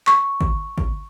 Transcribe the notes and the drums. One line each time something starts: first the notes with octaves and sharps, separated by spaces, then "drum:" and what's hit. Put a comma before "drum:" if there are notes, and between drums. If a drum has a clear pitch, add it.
C#6, drum: clap
drum: kick G1
drum: kick G1